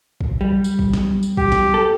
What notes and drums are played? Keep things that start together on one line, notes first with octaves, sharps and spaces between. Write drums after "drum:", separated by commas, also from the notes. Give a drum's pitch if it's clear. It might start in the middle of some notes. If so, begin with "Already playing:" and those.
drum: kick
G3
drum: tambourine
drum: kick
drum: snare
drum: tambourine
G4, drum: kick
drum: snare
A4